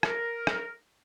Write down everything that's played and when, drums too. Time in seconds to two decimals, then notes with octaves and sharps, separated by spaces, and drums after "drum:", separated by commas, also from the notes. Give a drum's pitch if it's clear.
0.03 A#4, drum: rim click
0.47 drum: rim click